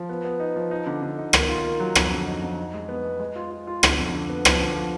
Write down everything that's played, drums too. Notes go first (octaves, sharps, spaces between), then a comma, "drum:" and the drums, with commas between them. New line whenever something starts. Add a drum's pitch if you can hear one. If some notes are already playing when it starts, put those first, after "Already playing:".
Already playing: F3
B3
B3
D#4
F3
D#4
D3
D3
D#4
D#3, drum: rim click
F4
A#3
F#3
F2, drum: rim click
D3
D#4
F2
D#4
G#3
B3
G#3
G#3
F4
F4
F4
D3, drum: rim click
F2
D3
B3
F3, drum: rim click
D3
F3